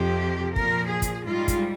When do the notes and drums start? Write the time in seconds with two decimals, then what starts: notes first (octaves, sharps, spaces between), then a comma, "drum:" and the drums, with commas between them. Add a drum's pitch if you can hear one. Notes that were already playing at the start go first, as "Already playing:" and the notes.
Already playing: F2 C3 F3 G4
0.56 A#2 F3 A#4, drum: kick
0.90 G#4
1.02 drum: kick, hi-hat
1.25 G#2 G3 F4
1.48 drum: kick, hi-hat